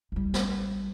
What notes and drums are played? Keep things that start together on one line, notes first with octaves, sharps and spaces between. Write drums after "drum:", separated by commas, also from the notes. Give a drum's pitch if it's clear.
A1 G3
drum: snare